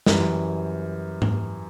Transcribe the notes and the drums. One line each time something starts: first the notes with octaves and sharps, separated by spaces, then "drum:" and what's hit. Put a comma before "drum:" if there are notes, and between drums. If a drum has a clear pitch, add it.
F#2 E3 G3, drum: snare
drum: tom G#2